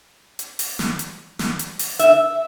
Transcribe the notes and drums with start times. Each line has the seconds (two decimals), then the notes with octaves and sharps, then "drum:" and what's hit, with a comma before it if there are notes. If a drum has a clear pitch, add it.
0.39 drum: hi-hat
0.59 drum: open hi-hat
0.79 drum: snare
0.99 drum: hi-hat
1.39 drum: snare
1.59 drum: hi-hat
1.79 drum: open hi-hat
1.99 E5, drum: hi-hat